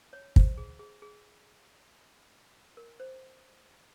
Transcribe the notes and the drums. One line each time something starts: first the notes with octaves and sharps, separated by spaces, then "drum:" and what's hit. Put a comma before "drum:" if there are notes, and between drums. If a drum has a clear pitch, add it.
C#5
C5, drum: kick
G#4
G#4
G#4
A#4
C5